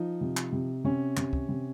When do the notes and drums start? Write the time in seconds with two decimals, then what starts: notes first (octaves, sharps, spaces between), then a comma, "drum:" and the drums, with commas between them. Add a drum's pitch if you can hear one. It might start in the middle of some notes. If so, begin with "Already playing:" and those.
Already playing: F3 D#4
0.21 C3
0.37 drum: clap
0.52 C3
0.84 C3 C#4
1.17 C3, drum: clap
1.33 drum: kick
1.49 C3